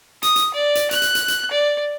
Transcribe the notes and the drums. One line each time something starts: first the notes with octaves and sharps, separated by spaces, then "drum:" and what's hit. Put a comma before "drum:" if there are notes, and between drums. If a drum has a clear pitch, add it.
D#6, drum: hi-hat
drum: hi-hat
D5
drum: hi-hat
F#6, drum: hi-hat
drum: hi-hat
drum: hi-hat
drum: hi-hat
D5